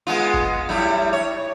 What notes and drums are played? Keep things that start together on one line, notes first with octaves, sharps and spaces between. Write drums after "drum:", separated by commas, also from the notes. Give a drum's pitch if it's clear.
G#3 B3 F4
drum: kick G1
A2 G3 E4
C#5